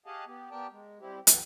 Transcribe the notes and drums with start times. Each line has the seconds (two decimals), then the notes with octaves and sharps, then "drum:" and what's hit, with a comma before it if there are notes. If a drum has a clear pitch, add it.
0.06 G4 G#4 D#5 F5 F#5 A5
0.27 B3 G4
0.51 B3 G4 A#4 D5 G5 A5
0.71 G#3
1.00 G3 C4 E4 G4
1.27 F#2 E3 F#3 A4 F#5 G5, drum: hi-hat